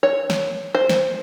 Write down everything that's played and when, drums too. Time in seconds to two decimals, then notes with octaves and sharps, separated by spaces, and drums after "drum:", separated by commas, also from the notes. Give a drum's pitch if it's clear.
0.03 C#5
0.30 drum: snare
0.75 C5
0.89 drum: snare